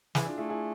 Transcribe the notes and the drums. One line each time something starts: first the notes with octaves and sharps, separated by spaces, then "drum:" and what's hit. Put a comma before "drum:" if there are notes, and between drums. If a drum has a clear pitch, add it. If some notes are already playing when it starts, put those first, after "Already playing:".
E3 E4 G#4, drum: snare
D4 F4
A3 E4 G#4
E4 G#4